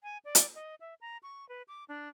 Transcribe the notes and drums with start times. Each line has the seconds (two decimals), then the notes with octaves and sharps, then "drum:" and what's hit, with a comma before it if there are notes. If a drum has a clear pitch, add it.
0.03 G#5
0.25 D5
0.35 drum: hi-hat
0.55 D#5
0.80 E5
1.01 A#5
1.23 C#6
1.49 B4
1.68 D6
1.88 D4